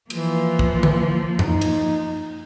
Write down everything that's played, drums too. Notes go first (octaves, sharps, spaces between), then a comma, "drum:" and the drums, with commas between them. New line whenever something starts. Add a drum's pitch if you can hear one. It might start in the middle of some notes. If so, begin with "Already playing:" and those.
E3 F3 A#3, drum: cymbal
drum: kick
drum: tom D3
D#4, drum: tom F#2
drum: cymbal